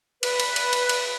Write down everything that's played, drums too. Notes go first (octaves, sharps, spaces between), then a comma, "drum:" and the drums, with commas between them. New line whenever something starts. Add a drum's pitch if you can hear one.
B4, drum: cymbal
drum: cymbal
drum: cymbal
drum: cymbal
drum: cymbal